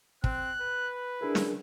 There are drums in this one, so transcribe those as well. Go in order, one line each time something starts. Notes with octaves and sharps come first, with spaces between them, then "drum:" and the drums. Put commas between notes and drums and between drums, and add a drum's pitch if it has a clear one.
C4 F#6, drum: kick
B4
D4 E4 G#4 A#4
drum: snare